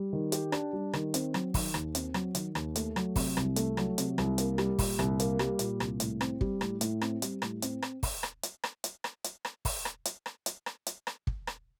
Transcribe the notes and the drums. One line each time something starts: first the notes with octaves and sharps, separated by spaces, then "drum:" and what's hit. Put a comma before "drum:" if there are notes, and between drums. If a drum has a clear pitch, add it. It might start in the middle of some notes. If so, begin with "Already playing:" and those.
Already playing: G3
D#3
G4, drum: hi-hat
D4, drum: rim click
G3
D#3, drum: rim click
C4, drum: hi-hat
F#3, drum: rim click
D#3, drum: kick, open hi-hat
D#2, drum: rim click
C4, drum: hi-hat
F#3, drum: rim click
D#3, drum: hi-hat
D#2, drum: rim click
A3, drum: hi-hat
F#3, drum: rim click
C3, drum: kick, open hi-hat
C2, drum: rim click
A3, drum: hi-hat
F#3, drum: rim click
C3, drum: hi-hat
C2, drum: rim click
A#3, drum: hi-hat
G3, drum: rim click
A#2, drum: kick, open hi-hat
C2, drum: rim click
A#3, drum: hi-hat
G3, drum: rim click
A#2, drum: hi-hat
C2, drum: rim click
A2, drum: hi-hat
C4, drum: rim click
G3, drum: kick
A2, drum: rim click
A2, drum: hi-hat
C4, drum: rim click
G3, drum: hi-hat
A2, drum: rim click
C4, drum: hi-hat
drum: rim click
drum: kick, open hi-hat
drum: rim click
drum: hi-hat
drum: rim click
drum: hi-hat
drum: rim click
drum: hi-hat
drum: rim click
drum: kick, open hi-hat
drum: rim click
drum: hi-hat
drum: rim click
drum: hi-hat
drum: rim click
drum: hi-hat
drum: rim click
drum: kick
drum: rim click